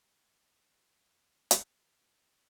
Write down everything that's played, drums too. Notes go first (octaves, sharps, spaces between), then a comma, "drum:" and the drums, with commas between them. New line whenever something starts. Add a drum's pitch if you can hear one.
G4 C#5 G#5
drum: hi-hat